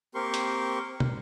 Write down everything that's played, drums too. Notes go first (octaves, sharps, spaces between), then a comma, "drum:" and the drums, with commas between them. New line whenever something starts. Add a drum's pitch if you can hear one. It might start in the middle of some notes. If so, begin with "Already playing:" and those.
A#3 C4 G4 A#4 C6 C#6
drum: hi-hat
drum: tom